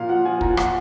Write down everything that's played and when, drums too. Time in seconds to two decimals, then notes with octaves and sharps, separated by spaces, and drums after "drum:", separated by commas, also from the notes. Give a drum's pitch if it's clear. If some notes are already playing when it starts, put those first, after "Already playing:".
Already playing: A#2 F5
0.09 F3 F#5
0.25 F3 G#5
0.41 A#2 A#5, drum: kick
0.57 F3 F#5, drum: rim click